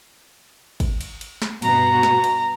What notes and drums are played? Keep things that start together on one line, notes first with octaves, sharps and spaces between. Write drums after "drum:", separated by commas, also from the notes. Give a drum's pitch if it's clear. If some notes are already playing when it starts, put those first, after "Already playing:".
drum: kick, cymbal
drum: cymbal
drum: cymbal
drum: snare
G2 B2 F#4 A#5, drum: cymbal
drum: snare
drum: cymbal